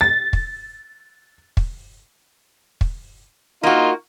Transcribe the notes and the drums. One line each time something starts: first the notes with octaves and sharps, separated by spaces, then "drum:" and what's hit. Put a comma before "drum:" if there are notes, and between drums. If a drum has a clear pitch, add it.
A6
drum: kick
drum: kick
drum: kick
A#3 D#4 F4 F#4